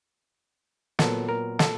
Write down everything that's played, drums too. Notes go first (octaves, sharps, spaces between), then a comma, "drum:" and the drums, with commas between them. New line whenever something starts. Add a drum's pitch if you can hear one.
A#2 F#3 B3 A4, drum: snare
A#4
A4, drum: snare